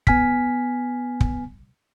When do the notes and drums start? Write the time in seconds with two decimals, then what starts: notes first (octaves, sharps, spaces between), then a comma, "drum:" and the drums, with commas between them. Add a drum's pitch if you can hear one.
0.07 B3 G#5 F6 B6, drum: kick
1.20 drum: kick